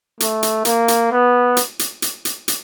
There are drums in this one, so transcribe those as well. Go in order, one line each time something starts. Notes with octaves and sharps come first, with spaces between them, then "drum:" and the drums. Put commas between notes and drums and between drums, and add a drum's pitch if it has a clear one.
A3, drum: hi-hat
drum: hi-hat
A#3, drum: hi-hat
drum: hi-hat
B3
drum: hi-hat
drum: hi-hat
drum: hi-hat
drum: hi-hat
drum: hi-hat